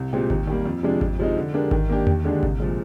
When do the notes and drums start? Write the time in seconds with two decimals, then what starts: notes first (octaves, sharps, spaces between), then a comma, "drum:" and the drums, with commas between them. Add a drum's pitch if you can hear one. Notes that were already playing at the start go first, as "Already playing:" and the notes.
Already playing: C2
0.13 A#2 G#3 C4 G4
0.30 D#2, drum: kick G#1
0.47 D#3 G3 A#3
0.65 F2
0.83 C3 F3 G#3 D4
1.01 F2, drum: kick G#1
1.18 C3 F3 G#3 D#4
1.37 D3
1.54 G#3 D4 G4 A#4
1.71 D#3, drum: kick G#1
1.89 A#3 D4 G4
2.07 D#2, drum: tom E2
2.24 D3 G#3 D4 G4
2.43 C2, drum: kick G#1
2.60 A#2 F3 G#3